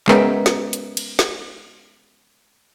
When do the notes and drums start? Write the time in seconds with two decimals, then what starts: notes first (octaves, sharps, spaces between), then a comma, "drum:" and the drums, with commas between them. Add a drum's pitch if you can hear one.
0.08 G#3 B3 C#4 A#4 E5 G5, drum: clap
0.46 drum: snare
0.73 drum: hi-hat
0.97 drum: cymbal
1.19 drum: snare